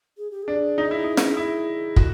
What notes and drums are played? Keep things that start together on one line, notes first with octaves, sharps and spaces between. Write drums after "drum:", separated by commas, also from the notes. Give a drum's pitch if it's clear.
G#4
G4
G#4
D4
D#4
E4
D#4
drum: snare
E4
F#4 A4, drum: kick